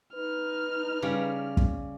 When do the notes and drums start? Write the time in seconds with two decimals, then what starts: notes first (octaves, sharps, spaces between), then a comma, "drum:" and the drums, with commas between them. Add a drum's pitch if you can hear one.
0.14 D#4 B4 F6
1.02 C#3 G3
1.57 drum: kick